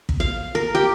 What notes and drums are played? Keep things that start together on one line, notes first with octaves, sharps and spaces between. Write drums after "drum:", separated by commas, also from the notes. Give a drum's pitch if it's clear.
drum: kick
F5
A#4
G4